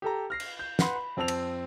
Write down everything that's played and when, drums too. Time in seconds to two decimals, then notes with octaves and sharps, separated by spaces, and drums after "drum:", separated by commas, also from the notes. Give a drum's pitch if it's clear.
0.02 G4 A4 A#5
0.30 F6 A#6 C7
0.40 drum: cymbal
0.59 G6
0.79 B4 F#5 B5 C6, drum: snare
0.96 B5
1.17 F2 C4 C5 A5 E6 F7
1.28 drum: cymbal